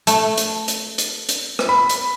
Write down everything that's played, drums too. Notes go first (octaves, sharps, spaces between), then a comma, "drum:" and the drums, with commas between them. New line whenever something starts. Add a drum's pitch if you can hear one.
A3, drum: hi-hat
drum: hi-hat
drum: hi-hat
drum: hi-hat
drum: hi-hat
drum: rim click
B5
drum: hi-hat